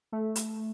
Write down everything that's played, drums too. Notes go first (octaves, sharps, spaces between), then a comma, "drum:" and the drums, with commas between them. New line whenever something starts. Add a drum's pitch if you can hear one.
A3
drum: hi-hat